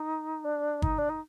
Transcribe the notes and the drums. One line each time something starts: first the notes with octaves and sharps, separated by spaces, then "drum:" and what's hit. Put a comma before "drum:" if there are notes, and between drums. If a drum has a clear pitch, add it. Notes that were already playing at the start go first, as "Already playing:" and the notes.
Already playing: D#4
D4
D#4, drum: kick G1
D4
D#4